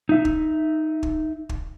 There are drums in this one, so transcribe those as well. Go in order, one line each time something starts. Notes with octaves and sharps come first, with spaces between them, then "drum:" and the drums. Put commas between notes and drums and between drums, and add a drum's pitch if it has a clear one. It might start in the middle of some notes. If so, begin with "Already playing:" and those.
D#4 E5
drum: kick
drum: kick
drum: kick